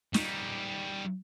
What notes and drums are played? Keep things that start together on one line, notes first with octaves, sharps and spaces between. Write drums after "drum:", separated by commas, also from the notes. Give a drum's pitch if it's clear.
G3 D#4, drum: snare